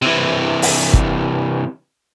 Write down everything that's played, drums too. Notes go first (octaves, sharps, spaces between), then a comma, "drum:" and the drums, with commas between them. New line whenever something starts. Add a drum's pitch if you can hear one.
C3 E3
drum: open hi-hat
drum: kick